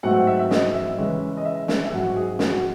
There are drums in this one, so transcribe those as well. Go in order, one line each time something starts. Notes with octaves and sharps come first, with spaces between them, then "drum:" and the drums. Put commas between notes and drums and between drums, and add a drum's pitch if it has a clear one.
G#2 F#3 A3 C4 F#5
E5
E5
D#5, drum: snare
E5
C#3 E3 G#3 C#4
D#5
E5
E5, drum: snare
E5
G#2 F#3 C4 F#5
F#4
G#4
G#4, drum: snare
F#4